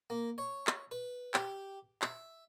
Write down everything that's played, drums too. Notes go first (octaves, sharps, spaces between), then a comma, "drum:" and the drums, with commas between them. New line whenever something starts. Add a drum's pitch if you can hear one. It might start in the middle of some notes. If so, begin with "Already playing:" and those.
A#3
C#5
drum: clap
B4
G4, drum: clap
E5, drum: clap